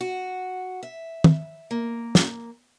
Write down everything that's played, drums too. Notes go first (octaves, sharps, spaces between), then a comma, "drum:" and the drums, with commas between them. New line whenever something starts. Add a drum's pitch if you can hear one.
F#4
E5
drum: tom
A#3
drum: snare